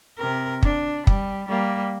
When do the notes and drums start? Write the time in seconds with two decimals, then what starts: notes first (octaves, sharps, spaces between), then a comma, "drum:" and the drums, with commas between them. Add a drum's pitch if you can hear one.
0.19 C3 A#4
0.63 D4, drum: kick
1.07 G3, drum: kick
1.48 G3 A#3